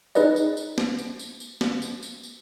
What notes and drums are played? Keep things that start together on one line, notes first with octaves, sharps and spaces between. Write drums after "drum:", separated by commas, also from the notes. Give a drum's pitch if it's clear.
D#4 G#4 B4 D5 D#5, drum: tambourine
drum: tambourine
drum: tambourine
drum: snare
drum: tambourine
drum: tambourine
drum: tambourine
drum: snare
drum: tambourine
drum: tambourine
drum: tambourine